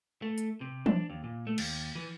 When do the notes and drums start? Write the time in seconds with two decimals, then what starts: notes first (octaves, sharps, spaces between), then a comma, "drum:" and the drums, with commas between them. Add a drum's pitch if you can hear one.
0.22 A3
0.38 drum: hi-hat
0.61 C3
0.86 D4, drum: tom
1.10 D#2
1.24 A#2
1.47 A3
1.58 D#2, drum: cymbal
1.95 E3